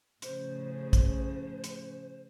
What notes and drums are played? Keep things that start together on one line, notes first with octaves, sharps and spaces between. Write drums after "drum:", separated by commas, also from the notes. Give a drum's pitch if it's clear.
A2 C#3 F3 C5, drum: hi-hat
drum: kick A#1, hi-hat
drum: hi-hat